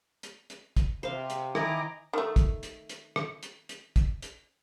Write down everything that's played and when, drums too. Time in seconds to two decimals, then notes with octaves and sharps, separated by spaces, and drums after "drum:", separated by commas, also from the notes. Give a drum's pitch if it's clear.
0.23 drum: hi-hat
0.50 drum: hi-hat
0.76 drum: kick, hi-hat
1.03 C3 C5 F5
1.30 drum: hi-hat
1.55 D#3 E4 D#5 G#5 A#5 D6, drum: rim click
2.13 D#3 A3
2.36 drum: kick, hi-hat
2.63 drum: hi-hat
2.89 drum: hi-hat
3.16 drum: rim click
3.43 drum: hi-hat
3.69 drum: hi-hat
3.96 drum: kick, hi-hat
4.22 drum: hi-hat